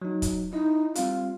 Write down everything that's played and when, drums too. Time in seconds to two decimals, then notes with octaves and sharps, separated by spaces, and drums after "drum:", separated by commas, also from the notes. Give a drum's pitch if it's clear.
0.02 F#3 D#4
0.22 drum: kick, hi-hat
0.53 D#4 E4 D#5
0.95 G3 C4 F4 F5, drum: hi-hat